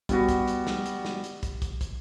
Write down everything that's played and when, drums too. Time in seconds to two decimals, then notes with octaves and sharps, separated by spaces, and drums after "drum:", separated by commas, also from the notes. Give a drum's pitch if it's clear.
0.09 G3 B3 F#4, drum: kick, hi-hat
0.29 drum: kick, hi-hat
0.48 drum: hi-hat
0.67 drum: snare
0.86 drum: hi-hat
1.05 drum: snare
1.24 drum: hi-hat
1.43 drum: kick, hi-hat
1.62 drum: kick, hi-hat
1.81 drum: kick, hi-hat